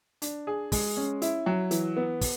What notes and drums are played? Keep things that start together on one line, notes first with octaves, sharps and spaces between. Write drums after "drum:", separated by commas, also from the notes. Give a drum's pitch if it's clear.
D4, drum: hi-hat
G#4
G#3, drum: kick, open hi-hat
C#4
E4, drum: hi-hat
F#3
E3, drum: hi-hat
B3
drum: kick, open hi-hat